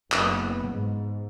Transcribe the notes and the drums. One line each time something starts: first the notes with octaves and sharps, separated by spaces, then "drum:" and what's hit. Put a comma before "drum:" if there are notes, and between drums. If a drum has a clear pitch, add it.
F#1 B3, drum: clap
G#2